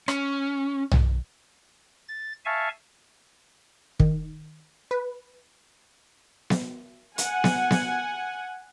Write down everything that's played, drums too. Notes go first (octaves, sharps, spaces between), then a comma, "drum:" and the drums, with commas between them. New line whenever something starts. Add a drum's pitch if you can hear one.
C#4, drum: rim click
drum: tom
A6
E5 F5 G#5 A5 C#6
D#3, drum: kick
B4
drum: snare B3
F#5 G#5, drum: hi-hat
drum: snare B3
drum: snare B3